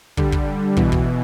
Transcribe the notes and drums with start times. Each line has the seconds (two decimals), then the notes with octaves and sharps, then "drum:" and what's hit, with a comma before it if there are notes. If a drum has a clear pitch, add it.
0.17 D3 G3, drum: kick
0.32 drum: kick
0.77 B2 E3, drum: kick
0.92 drum: kick